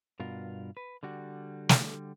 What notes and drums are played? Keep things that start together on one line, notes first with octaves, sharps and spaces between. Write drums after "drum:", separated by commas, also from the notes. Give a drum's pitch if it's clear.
G2 B2 F4 A#4
B4
D3 G3 F#4
drum: snare